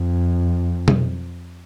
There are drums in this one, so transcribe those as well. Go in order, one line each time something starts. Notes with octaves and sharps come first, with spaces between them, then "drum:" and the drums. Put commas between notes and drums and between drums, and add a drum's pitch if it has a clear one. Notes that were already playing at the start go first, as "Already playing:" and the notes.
Already playing: F2
drum: tom B2